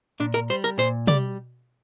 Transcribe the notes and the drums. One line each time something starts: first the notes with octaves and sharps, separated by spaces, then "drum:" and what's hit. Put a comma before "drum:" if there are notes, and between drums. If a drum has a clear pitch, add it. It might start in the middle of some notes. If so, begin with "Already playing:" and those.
A#2 D4
A#4
G3 C5
A#4
A#2 C5
G3 D5, drum: tom